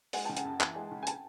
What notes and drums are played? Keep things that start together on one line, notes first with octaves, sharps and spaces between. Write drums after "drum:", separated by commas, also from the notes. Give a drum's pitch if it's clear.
G#3 F#5 G#5, drum: open hi-hat
G5 A5
C#3
F#5 G#5, drum: hi-hat
F#2
E3, drum: clap
G#3
C#3
G#5
G5 A5, drum: hi-hat